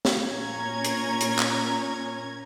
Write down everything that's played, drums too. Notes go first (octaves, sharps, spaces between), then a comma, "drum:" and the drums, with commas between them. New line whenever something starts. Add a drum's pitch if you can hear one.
drum: snare
A#2 C#4 A#5 G#6
drum: hi-hat
drum: hi-hat
drum: clap